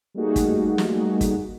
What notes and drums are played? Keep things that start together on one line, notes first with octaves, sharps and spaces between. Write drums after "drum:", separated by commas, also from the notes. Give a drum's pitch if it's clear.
G3 A3 A#3 D#4 F#4 G#4
drum: kick, hi-hat
drum: snare
drum: kick, hi-hat